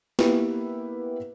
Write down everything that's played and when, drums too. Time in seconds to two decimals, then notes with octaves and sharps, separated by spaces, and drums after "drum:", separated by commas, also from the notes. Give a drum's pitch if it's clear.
0.19 A#3 B3 E4 G4 B4, drum: snare